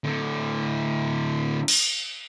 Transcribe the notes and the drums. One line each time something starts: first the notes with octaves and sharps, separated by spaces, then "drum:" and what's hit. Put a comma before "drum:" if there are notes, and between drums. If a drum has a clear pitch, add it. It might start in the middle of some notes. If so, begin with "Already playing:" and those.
A2 D3
drum: cymbal